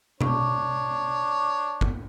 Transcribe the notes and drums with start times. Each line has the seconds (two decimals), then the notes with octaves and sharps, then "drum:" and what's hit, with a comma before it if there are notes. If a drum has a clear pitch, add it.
0.21 D4 C#5, drum: tom B2
1.81 drum: kick G1